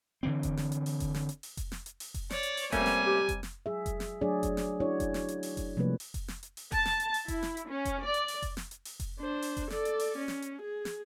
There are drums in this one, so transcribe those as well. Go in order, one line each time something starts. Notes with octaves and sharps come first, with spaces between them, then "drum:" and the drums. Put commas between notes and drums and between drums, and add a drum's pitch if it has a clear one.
D3 E3 C4
drum: kick F1, hi-hat
drum: snare
drum: hi-hat
drum: open hi-hat
drum: kick F1, hi-hat
drum: snare
drum: hi-hat
drum: open hi-hat
drum: kick F1, hi-hat
drum: snare
drum: hi-hat
drum: open hi-hat
drum: kick F1, hi-hat
C#5 D5, drum: snare
drum: hi-hat
drum: open hi-hat
C3 G3 A3 A#3 C#4 G#5, drum: kick F1, hi-hat
drum: snare
G4
drum: kick F1, hi-hat
drum: snare
F#3 G#4 E5
drum: kick F1, hi-hat
drum: snare
F#3 A3 D4 G#4 C#5 D5
drum: kick F1, hi-hat
drum: snare
D4 E4 F#4 C#5 D5
drum: kick F1, hi-hat
drum: snare
drum: hi-hat
drum: open hi-hat
drum: kick F1, hi-hat
C3 F3 G3 A3 A#3 B4
drum: open hi-hat
drum: kick F1, hi-hat
drum: snare
drum: hi-hat
drum: open hi-hat
A5, drum: kick F1, hi-hat
drum: snare
drum: hi-hat
drum: open hi-hat
E4, drum: kick F1, hi-hat
drum: snare
drum: hi-hat
C#4
drum: kick F1, hi-hat
D5
drum: hi-hat
drum: open hi-hat
drum: kick F1, hi-hat
drum: snare
drum: hi-hat
drum: open hi-hat
drum: kick F1, hi-hat
D4 C5
drum: open hi-hat
drum: kick F1, hi-hat
A4 D5, drum: snare
drum: hi-hat
drum: open hi-hat
C#4
drum: snare
drum: hi-hat
G#4
drum: snare